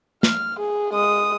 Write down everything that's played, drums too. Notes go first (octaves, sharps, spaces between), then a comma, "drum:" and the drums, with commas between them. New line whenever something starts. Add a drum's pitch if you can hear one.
F6, drum: snare
G#4
G#3 D#6